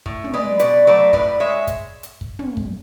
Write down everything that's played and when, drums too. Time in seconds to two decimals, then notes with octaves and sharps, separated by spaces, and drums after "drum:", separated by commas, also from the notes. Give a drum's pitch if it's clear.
0.06 A2, drum: kick
0.24 drum: tom
0.33 G#3 B4 D5
0.59 B2 B4 D5, drum: hi-hat
0.87 F#3 A3 B4 D5
1.13 A2 B4 D5, drum: kick
1.40 G#3 C#5 E5
1.67 drum: kick, hi-hat
2.03 drum: hi-hat
2.21 drum: kick
2.39 drum: tom
2.57 drum: kick